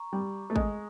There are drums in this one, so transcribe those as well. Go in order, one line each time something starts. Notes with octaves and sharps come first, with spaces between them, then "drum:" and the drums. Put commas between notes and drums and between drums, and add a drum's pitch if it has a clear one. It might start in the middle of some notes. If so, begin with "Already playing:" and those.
Already playing: A#5 C#6
G3
A3
G#3, drum: kick